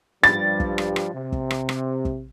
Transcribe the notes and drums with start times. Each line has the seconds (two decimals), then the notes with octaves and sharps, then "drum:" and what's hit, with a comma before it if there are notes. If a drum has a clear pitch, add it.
0.23 G2 F3 G3 A6, drum: rim click
0.60 drum: kick
0.78 drum: rim click
0.96 drum: rim click
1.13 C3
1.32 drum: kick
1.51 drum: rim click
1.69 drum: rim click
2.05 drum: kick